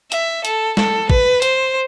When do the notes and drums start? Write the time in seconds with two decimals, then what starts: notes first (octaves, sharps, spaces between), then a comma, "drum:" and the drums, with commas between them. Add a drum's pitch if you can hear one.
0.12 E5, drum: hi-hat
0.45 A4, drum: hi-hat
0.77 A4, drum: snare
1.10 B4, drum: kick
1.42 C5, drum: hi-hat